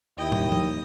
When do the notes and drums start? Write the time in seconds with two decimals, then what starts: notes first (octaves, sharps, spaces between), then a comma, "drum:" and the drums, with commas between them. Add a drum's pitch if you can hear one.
0.18 D#2 E4 D#5 G5
0.32 drum: tom
0.52 drum: tom